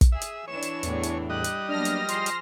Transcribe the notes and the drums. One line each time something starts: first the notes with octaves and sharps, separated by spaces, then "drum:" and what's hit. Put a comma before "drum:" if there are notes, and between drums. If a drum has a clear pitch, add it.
drum: kick, hi-hat
G#4 E5
drum: hi-hat
E3 D4 C#5 E7
drum: hi-hat
E2 A2, drum: hi-hat
drum: hi-hat
G3 D#5 F#6
drum: hi-hat
F#3 A#3 B3 D4 F6 A#6
drum: hi-hat
F3 G#4 C5 C6, drum: hi-hat
drum: hi-hat